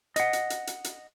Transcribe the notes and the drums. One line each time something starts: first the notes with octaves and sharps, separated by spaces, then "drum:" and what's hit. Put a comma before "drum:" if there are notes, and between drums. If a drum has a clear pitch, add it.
D#5 F#5, drum: hi-hat
drum: hi-hat
drum: hi-hat
drum: hi-hat
drum: hi-hat